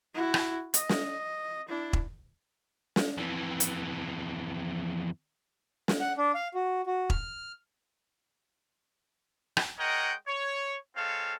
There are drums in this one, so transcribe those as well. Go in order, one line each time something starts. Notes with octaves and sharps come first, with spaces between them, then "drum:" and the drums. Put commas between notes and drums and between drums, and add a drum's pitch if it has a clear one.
E4 F#4
drum: rim click
D#5, drum: hi-hat
drum: snare
D4 E4
drum: kick E1
drum: snare
F2 E3
drum: hi-hat
drum: snare
F#5
D4
F5
F#4
F#4
F6, drum: kick E1
drum: rim click
G#3 A#4 C#5 D#5 F#5 G5
C#5
G#3 C4 F4 A4 C#5 F5